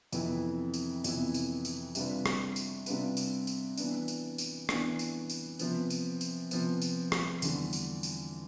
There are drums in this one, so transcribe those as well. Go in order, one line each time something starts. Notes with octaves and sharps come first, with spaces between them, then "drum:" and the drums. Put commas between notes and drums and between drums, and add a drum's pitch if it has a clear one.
F2 C3 E3 B3 E4, drum: tambourine
drum: tambourine
F2 C3 E3 B3 E4, drum: tambourine
drum: tambourine
drum: tambourine
C3 G3 D4 F4 B4, drum: tambourine
drum: rim click
drum: tambourine
C3 G3 D4 F4 B4, drum: tambourine
drum: tambourine
drum: tambourine
E3 B3 D4, drum: tambourine
drum: tambourine
drum: tambourine
E3 B3 D4, drum: rim click
drum: tambourine
drum: tambourine
C3 F3 B3, drum: tambourine
drum: tambourine
drum: tambourine
C3 F3 B3, drum: tambourine
drum: tambourine
drum: rim click
E2 D3 G3, drum: tambourine
drum: tambourine
drum: tambourine